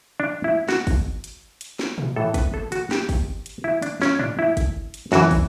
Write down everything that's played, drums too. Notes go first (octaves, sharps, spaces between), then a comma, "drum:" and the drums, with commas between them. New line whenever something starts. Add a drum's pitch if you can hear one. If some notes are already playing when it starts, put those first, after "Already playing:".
D4
E4
F#4, drum: snare
drum: kick, open hi-hat
drum: hi-hat
drum: hi-hat
drum: snare
drum: tom A#2
A2 E3 A4
B4, drum: kick, hi-hat
A4
F#4, drum: hi-hat
G4, drum: snare
drum: kick, open hi-hat
drum: hi-hat
E4
D4, drum: hi-hat
C#4, drum: snare
D4, drum: tom G#2
E4
drum: kick, hi-hat
drum: hi-hat
F#2 E3 F#4, drum: snare
drum: kick, open hi-hat